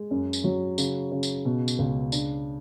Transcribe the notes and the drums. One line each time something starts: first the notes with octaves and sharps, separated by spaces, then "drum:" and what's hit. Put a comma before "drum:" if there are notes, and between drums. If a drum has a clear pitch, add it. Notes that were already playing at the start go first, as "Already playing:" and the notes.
Already playing: G#3
F#2
drum: tambourine
F#3
C#3, drum: tambourine
C#3
drum: tambourine
B2
drum: tambourine
C#2
D4, drum: tambourine